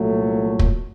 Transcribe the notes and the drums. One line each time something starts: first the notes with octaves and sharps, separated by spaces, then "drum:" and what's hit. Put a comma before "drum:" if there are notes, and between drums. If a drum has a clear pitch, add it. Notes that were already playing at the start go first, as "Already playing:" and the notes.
Already playing: C2 A#2 F#3 A3
drum: kick